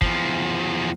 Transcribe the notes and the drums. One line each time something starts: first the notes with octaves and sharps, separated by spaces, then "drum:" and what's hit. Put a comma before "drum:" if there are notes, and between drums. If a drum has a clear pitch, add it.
E2 F3, drum: kick